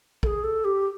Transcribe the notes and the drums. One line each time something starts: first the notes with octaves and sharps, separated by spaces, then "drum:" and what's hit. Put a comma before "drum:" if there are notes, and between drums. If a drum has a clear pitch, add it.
A4, drum: kick
G#4
A4
G4